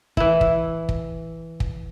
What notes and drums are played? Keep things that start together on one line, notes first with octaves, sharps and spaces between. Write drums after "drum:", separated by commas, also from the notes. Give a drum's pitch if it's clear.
E3 E4, drum: kick
drum: kick
drum: kick
drum: kick